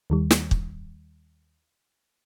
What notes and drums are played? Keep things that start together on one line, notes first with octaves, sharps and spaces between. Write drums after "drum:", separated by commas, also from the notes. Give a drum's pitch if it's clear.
D#2 D#3 G3
drum: snare
drum: kick